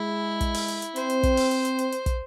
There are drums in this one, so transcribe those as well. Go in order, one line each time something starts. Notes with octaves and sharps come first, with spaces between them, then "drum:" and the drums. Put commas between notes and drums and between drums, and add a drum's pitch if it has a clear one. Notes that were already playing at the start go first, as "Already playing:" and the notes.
Already playing: G#3 E4
drum: kick, hi-hat
drum: open hi-hat
drum: hi-hat
drum: hi-hat
C4 C5, drum: hi-hat
drum: hi-hat
drum: kick, hi-hat
drum: open hi-hat
drum: hi-hat
drum: hi-hat
drum: hi-hat
drum: hi-hat
drum: kick, hi-hat